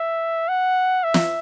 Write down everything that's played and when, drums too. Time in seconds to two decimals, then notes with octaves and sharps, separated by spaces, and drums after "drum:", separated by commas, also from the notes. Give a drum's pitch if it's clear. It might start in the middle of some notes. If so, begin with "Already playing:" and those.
Already playing: E5
0.48 F#5
1.04 E5
1.14 drum: snare